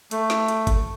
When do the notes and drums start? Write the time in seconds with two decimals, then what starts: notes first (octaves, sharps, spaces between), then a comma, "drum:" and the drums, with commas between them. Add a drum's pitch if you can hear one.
0.11 A3, drum: hi-hat
0.30 drum: snare
0.48 drum: hi-hat
0.67 drum: kick, hi-hat